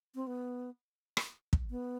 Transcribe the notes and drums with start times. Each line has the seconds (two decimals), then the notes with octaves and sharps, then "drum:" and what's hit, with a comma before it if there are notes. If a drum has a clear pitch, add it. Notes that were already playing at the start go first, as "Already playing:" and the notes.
0.15 C4
0.27 B3
1.17 drum: rim click
1.53 drum: kick
1.70 B3